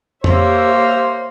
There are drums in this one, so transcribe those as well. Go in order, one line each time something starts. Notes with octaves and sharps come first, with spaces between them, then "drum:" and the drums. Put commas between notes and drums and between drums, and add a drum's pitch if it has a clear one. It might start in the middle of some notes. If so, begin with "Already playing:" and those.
A#3 G4 C5 C#5 E5, drum: tom F2